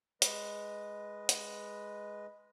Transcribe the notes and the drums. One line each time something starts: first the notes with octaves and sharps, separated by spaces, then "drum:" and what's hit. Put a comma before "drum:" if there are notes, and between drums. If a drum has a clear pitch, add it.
G#3 B4 D#5, drum: hi-hat
drum: hi-hat